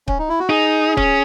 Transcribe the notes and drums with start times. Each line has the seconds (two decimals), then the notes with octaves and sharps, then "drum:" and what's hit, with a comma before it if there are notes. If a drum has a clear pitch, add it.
0.08 C#4, drum: kick C#1
0.19 D#4
0.29 E4
0.40 F#4
0.49 D#4 G#4
0.97 C#4, drum: kick C#1